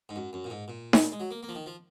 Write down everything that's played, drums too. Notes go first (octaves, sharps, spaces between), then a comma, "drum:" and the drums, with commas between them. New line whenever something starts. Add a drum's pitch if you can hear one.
G#2
F#2
F#2
A#2
G#2
A#2
drum: snare D#4
G#3
F#3
A#3
A#3
F3
D#3
F3